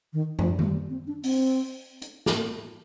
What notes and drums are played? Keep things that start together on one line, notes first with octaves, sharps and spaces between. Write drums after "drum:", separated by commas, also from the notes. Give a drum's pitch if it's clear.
D#3
F3, drum: tom
A3, drum: tom D#3
G3
C4
D4
C4, drum: open hi-hat
drum: hi-hat
drum: snare